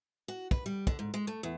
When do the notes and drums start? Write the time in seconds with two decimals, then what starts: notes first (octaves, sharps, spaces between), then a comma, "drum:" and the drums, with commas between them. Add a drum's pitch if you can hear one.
0.28 F#4
0.51 B4, drum: kick
0.66 G3
0.87 D3, drum: kick
0.99 G#2
1.14 G#3
1.27 A3
1.43 E2